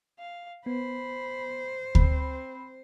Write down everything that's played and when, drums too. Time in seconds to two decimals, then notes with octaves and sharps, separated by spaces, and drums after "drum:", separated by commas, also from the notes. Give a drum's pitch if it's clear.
0.19 F5
0.66 B3 C5 B5
1.95 C4 B5, drum: kick D2